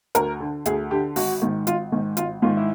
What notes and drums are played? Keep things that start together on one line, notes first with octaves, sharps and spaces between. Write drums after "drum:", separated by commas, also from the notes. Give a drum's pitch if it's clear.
D2 A#4, drum: hi-hat
D3
D2 G#4, drum: hi-hat
D3 G4
G#1 F#4, drum: open hi-hat
G#2 D#3
G#1 F4, drum: hi-hat
G#2 D#3
G#1 F4, drum: hi-hat
G#2 D#3 F4
E4